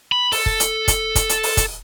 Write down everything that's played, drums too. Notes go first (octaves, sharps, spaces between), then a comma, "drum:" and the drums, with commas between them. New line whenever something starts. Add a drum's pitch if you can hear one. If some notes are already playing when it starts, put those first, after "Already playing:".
B5
A4, drum: open hi-hat
drum: kick
drum: hi-hat
drum: kick, hi-hat
drum: kick, hi-hat
drum: hi-hat
drum: open hi-hat
drum: kick, hi-hat